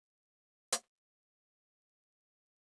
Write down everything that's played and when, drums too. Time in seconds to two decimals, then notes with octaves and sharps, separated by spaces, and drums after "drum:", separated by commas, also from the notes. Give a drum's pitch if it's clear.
0.01 F#4 C5 D#5 F5
0.72 drum: hi-hat